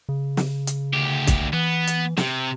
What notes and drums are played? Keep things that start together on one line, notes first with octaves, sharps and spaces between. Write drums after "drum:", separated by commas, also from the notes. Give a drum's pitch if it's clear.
C#3
drum: snare
drum: hi-hat
D2 G4
drum: kick, hi-hat
E3 B3
drum: hi-hat
C3, drum: snare